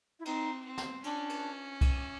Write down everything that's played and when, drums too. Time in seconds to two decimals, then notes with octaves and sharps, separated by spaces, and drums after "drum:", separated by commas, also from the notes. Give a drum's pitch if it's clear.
0.19 E4
0.25 C4 D#4, drum: cymbal
0.65 C4
0.78 drum: snare
1.04 C#4 D4, drum: cymbal
1.29 drum: cymbal
1.81 drum: kick C2, cymbal